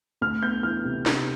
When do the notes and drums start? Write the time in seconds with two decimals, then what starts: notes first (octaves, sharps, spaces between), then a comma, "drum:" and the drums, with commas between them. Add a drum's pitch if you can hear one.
0.21 D2 F6
0.42 B3 G6
0.63 E3 F6
0.85 C3
1.06 C3, drum: snare